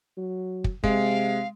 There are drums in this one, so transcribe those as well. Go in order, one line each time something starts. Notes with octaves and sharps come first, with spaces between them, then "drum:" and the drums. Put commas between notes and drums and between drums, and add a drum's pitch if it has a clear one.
F#3
drum: kick
C3 G#3 F5, drum: kick